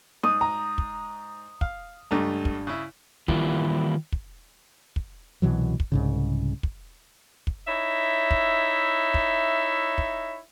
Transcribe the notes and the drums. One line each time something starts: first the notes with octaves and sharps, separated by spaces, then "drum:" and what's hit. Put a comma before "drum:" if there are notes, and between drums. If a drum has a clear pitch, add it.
G#2 D#6
A#5
drum: kick
F5, drum: kick
C#2 G2 A3 A#5
drum: kick
C#3 E4
D#3 E3 G3 A#3 E4 F4, drum: kick
drum: kick
drum: kick
C2 B2 E3 F#3
drum: kick
C2 G#2 C#3
drum: kick
drum: kick
D#4 E4 C#5 E5
drum: kick
drum: kick
drum: kick